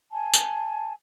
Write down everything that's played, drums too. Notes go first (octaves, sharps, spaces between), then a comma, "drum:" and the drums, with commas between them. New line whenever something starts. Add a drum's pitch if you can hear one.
G#5 A5
drum: tambourine